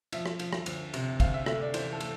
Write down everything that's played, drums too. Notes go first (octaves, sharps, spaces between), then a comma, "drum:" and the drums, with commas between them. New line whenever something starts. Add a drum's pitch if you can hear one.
F3 E5, drum: cymbal
drum: rim click
F3, drum: cymbal
drum: rim click
D2, drum: cymbal
C3, drum: cymbal
D2 F5, drum: kick, cymbal
E5
A3 E5, drum: rim click
D5
E3 C5, drum: cymbal
A4
A3, drum: cymbal